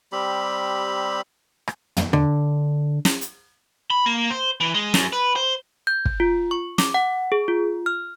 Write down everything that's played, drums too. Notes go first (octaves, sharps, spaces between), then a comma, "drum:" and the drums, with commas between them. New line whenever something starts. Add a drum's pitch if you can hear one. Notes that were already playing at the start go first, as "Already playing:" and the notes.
G3 C4 G4 B5
drum: rim click
drum: tom
D3
drum: snare
drum: hi-hat
B5
A#3
C5
E3
G#3
F#2, drum: snare
B4
C5
G6
drum: kick
F4
C#6
D6, drum: snare
F#5
G#4
F4
F6